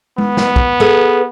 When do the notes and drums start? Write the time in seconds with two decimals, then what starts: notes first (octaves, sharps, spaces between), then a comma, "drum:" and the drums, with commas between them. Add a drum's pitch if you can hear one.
0.18 B3, drum: tom G#3
0.37 drum: snare
0.56 drum: kick
0.80 G#4 A4 B4